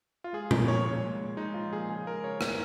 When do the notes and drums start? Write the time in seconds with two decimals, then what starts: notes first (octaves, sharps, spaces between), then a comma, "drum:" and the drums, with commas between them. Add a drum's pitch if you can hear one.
0.24 F4
0.33 G#3 G#4
0.51 F3 A#4, drum: tom A#2
0.68 C#3 C#5
0.85 A#2 C#5
1.03 G#3
1.20 A#2
1.37 G#3 D#4
1.54 F3 F4
1.72 A#2 G#4
1.89 C#3 G#4
2.07 G#3 A#4
2.24 C#3 C#5
2.41 C#3 A#4, drum: rim click